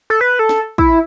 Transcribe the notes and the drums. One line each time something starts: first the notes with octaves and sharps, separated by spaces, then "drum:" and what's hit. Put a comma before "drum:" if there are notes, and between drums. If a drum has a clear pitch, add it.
A4
B4
A4
drum: snare
E4, drum: kick